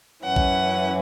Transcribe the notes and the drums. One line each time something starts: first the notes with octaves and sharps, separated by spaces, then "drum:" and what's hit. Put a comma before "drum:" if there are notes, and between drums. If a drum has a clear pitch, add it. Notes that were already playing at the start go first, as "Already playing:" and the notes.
F#2 E3 C#4 F#5
drum: kick A#1